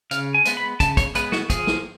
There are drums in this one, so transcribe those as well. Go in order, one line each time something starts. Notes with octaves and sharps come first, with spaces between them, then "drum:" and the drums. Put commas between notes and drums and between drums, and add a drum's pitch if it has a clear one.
C#3 F5, drum: hi-hat
G#5
G#3 B3, drum: hi-hat
B5
C#3 A5, drum: kick, hi-hat
C#5, drum: kick, hi-hat
G#3 B3 B4, drum: hi-hat
F#4, drum: snare
F3 G#4, drum: kick, hi-hat
drum: snare